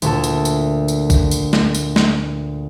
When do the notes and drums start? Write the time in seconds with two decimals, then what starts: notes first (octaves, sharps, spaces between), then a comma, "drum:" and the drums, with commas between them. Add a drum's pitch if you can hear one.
0.02 D2 A#2 A4, drum: tambourine
0.24 drum: tambourine
0.45 drum: tambourine
0.88 drum: tambourine
1.10 drum: kick A1, tambourine
1.31 drum: tambourine
1.53 drum: snare
1.75 drum: tambourine
1.96 drum: snare